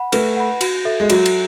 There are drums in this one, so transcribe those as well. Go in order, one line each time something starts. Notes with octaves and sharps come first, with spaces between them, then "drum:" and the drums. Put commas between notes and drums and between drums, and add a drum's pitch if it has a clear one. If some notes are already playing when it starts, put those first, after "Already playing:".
Already playing: F#5 B5
A3 B4, drum: cymbal
F#5 B5
F#4, drum: cymbal
A4 E5
G#3
F#3 F#4, drum: cymbal
drum: cymbal